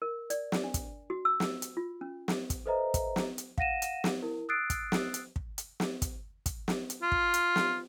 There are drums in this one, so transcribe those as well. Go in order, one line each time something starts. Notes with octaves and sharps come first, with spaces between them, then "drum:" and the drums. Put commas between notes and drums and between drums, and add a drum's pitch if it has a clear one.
A#4
D5, drum: hi-hat
drum: snare
D4
drum: kick, hi-hat
F#4
E6
drum: snare
drum: hi-hat
F4
C#4
drum: snare
drum: kick, hi-hat
A4 B4 C5 D#5 E5 A#5
drum: kick, hi-hat
drum: snare
drum: hi-hat
F5 F#5 A#6 D#7 E7, drum: kick
drum: hi-hat
drum: snare
E4 A#4
D#6 E6 F#6 A6 C7 D7
drum: kick, hi-hat
drum: snare
drum: hi-hat
drum: kick
drum: hi-hat
drum: snare
drum: kick, hi-hat
drum: kick, hi-hat
drum: snare
drum: hi-hat
F4
drum: kick
drum: hi-hat
drum: snare